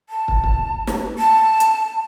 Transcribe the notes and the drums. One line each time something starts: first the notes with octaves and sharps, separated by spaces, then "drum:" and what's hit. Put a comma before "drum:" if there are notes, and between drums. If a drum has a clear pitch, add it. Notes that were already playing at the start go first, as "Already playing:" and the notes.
A5
drum: kick
drum: kick
drum: snare
A5
drum: hi-hat